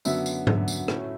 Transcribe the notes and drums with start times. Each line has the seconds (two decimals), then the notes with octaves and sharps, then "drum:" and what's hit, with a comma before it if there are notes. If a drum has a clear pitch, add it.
0.05 F#2 D3 F#3 B3 E5, drum: tambourine
0.26 drum: tambourine
0.47 F#2 D3 F#3 B3, drum: tom G#2
0.68 drum: tambourine
0.88 A2 F#3 A3 C#4, drum: rim click